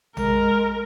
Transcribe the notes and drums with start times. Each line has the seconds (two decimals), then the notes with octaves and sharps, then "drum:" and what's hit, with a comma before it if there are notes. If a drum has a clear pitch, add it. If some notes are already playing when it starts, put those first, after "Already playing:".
0.17 G#3 A#4, drum: tom A#1